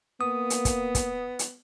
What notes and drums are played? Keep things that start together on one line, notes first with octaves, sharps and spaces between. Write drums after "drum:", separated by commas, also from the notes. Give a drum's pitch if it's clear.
A#3 B3 D#6
drum: hi-hat
drum: kick, hi-hat
drum: kick, hi-hat
drum: hi-hat